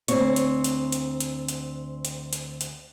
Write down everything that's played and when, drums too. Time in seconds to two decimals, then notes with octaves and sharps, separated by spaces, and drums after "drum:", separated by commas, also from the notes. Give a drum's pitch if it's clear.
0.08 D2 C4 C#5, drum: hi-hat
0.36 drum: hi-hat
0.64 drum: hi-hat
0.92 drum: hi-hat
1.20 drum: hi-hat
1.49 drum: hi-hat
2.05 drum: hi-hat
2.33 drum: hi-hat
2.61 drum: hi-hat